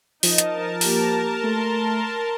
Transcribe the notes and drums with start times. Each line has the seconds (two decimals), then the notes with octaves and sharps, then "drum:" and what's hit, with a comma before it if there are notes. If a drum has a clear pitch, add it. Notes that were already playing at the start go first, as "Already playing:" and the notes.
0.23 F3 D#4 A#4 D#5 A5, drum: open hi-hat
0.38 drum: hi-hat
0.81 A#3 G4, drum: open hi-hat
1.44 A3 C6